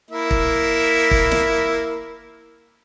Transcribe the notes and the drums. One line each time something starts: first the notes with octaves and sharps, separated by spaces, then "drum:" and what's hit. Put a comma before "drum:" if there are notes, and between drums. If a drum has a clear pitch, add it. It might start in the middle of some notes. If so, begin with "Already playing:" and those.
A#3 E4 E5
drum: kick
drum: kick
drum: snare